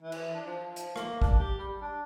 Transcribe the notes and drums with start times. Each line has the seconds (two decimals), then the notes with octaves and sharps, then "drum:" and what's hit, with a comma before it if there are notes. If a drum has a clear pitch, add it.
0.02 E3
0.12 drum: cymbal
0.34 D4
0.46 F3
0.76 F3, drum: hi-hat
0.96 A#3, drum: rim click
1.22 D4, drum: kick
1.39 G4
1.59 G3
1.82 D4